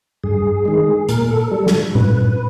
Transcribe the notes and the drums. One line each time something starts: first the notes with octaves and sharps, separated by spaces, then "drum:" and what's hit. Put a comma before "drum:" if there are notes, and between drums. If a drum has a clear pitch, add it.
G2 G#4
D#3 G#3
A#2 A#4, drum: hi-hat
A4
G3 A4
drum: snare
G2 B4, drum: tom A#2